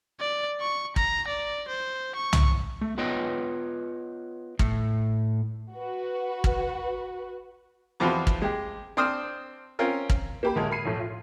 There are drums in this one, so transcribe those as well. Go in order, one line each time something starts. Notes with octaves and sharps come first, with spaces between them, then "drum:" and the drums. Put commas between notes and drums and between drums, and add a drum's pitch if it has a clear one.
D5
C#6
A#5, drum: kick
D5
C5
C#6
drum: tom C2
A3
B3 F4 B4 C#5 D#5 G5
A2, drum: kick
F#4 B4
drum: kick
E2 F3 C4 F4 F#4 B4
drum: kick
G#3 G4
C4 D4 C5 D#6 F6
C4 C#4 F4 A#4
drum: kick
A#3 G4 B5
D2 A2 G#3 A#4 A5 G#6
A#4 B5 C7 D#7
B1 F2 A2 A3
F4